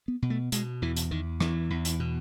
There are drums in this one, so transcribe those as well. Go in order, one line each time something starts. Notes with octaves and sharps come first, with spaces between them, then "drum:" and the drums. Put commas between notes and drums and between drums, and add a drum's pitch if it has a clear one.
B3
B2
A3
B2 G#3, drum: hi-hat
E2 E3
drum: hi-hat
E2 D#3
E2 E3, drum: rim click
E2
drum: hi-hat
B2